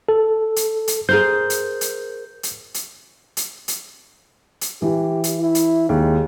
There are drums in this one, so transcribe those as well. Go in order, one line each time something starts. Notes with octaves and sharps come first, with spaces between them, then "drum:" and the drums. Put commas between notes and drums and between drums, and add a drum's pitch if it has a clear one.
A4
drum: hi-hat
drum: hi-hat
G#4 A#4 C5 G6
drum: hi-hat
drum: hi-hat
drum: hi-hat
drum: hi-hat
drum: hi-hat
drum: hi-hat
drum: hi-hat
E3 G4
drum: hi-hat
E4
drum: hi-hat
D#2 G#3